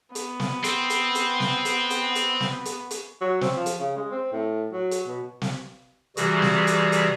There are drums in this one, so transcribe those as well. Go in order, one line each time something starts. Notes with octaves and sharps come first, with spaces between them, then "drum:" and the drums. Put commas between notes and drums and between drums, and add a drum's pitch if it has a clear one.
B3, drum: hi-hat
drum: snare
C4, drum: hi-hat
drum: hi-hat
drum: hi-hat
drum: snare
drum: hi-hat
drum: hi-hat
drum: hi-hat
drum: snare
drum: hi-hat
drum: hi-hat
F#3
C4, drum: snare
F3
drum: hi-hat
C#3
G#3
C4
A2
F#3
drum: hi-hat
B2
drum: snare
C3 E3 G3 F#4 G#4, drum: hi-hat
drum: snare
drum: hi-hat
drum: hi-hat